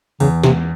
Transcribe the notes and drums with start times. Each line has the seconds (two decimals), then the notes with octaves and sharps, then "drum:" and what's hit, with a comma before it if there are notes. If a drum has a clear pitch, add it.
0.20 E2 C#3, drum: open hi-hat
0.43 C3, drum: snare